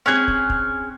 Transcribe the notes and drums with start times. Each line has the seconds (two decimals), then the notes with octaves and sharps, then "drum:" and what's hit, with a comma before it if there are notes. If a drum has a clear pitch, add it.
0.06 C4 C#4 G#4 F#6 G#6
0.28 drum: kick
0.50 drum: kick